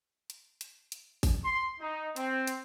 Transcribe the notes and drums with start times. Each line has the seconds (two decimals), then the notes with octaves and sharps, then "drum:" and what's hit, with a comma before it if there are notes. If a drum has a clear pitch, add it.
0.30 drum: hi-hat
0.61 drum: hi-hat
0.92 drum: hi-hat
1.23 drum: kick G#1, open hi-hat
1.45 C6
1.81 D#4
2.16 C4, drum: hi-hat
2.47 drum: hi-hat